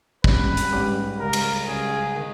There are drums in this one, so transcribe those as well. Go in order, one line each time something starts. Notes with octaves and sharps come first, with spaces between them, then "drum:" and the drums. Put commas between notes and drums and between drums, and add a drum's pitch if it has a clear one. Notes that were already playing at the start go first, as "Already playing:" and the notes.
G#2 G3 C#4 G4 B4, drum: kick
drum: hi-hat
G#2 G3 C#4 G4
C#2 C#3 G3 A#4
drum: cymbal
C#2 C#3 G3 G#4
D#3 G#3 D#4